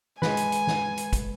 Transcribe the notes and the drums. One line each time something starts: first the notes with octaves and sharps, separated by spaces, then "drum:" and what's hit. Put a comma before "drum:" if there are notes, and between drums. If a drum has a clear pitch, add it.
G#3 B4 G#5, drum: snare
drum: hi-hat
drum: hi-hat
drum: snare
drum: hi-hat
drum: kick, hi-hat